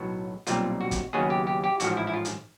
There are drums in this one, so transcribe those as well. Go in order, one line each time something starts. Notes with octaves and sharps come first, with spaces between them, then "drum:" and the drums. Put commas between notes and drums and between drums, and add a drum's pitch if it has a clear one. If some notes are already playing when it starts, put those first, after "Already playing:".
Already playing: B1 A2 F#3 B3 F#4
B1 A#2 G3 C4 F4, drum: hi-hat
F#4
drum: kick, hi-hat
D#2 C#3 F#3 B3 G#4
G4
G4
G4
A1 G#2 F3 F#4, drum: hi-hat
E4
E4
F4
drum: hi-hat